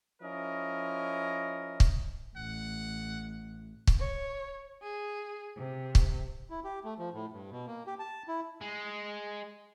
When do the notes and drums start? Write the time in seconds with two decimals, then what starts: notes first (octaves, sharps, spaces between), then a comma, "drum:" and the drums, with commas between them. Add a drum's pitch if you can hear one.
0.22 F3 C#4 E4 A#4 D#5
1.80 drum: kick
2.36 A1 F#5
3.87 drum: kick
3.99 C#5
4.81 G#4
5.56 C3
5.95 drum: kick
6.50 E4
6.64 G4
6.84 A3
6.99 F3
7.14 A2
7.32 G2
7.51 B2
7.67 A#3
7.87 G4
7.99 A5
8.28 E4
8.61 G#3